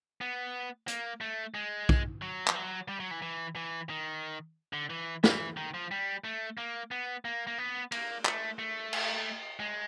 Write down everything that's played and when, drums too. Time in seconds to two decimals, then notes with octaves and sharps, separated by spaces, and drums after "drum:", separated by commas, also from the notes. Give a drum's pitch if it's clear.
0.21 B3
0.88 A#3, drum: hi-hat
1.21 A3
1.54 G#3
1.89 drum: kick
2.22 F#3
2.47 F3, drum: clap
2.56 F#3
2.88 G3
3.00 F#3
3.11 E3
3.22 E3
3.56 E3
3.90 D#3
4.73 D3
4.90 E3
5.24 E3, drum: snare
5.57 D#3
5.74 F3
5.91 G3
6.24 A3
6.58 A#3
6.91 B3
7.25 A#3
7.47 A#3
7.58 B3
7.92 A#3, drum: cymbal
8.25 A3, drum: clap
8.59 A3
8.93 drum: cymbal
9.60 G#3